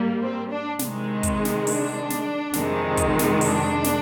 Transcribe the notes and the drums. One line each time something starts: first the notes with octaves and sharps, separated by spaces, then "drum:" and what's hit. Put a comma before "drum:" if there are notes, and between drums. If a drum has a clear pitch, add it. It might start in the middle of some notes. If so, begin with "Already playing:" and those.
Already playing: G#2 G3 A#3
C4
D4
C3 D#3 G#3, drum: snare
drum: kick, hi-hat
drum: snare
D4, drum: open hi-hat
drum: snare
F2 C3 D#3 G#3, drum: snare
drum: kick, hi-hat
drum: snare
D4, drum: open hi-hat
drum: snare